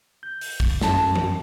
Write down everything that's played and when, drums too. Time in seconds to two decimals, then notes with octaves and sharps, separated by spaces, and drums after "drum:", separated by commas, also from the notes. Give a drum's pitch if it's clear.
0.23 G6
0.41 drum: open hi-hat
0.60 drum: kick
0.81 F#2 G5 A5, drum: snare
1.15 drum: tom E3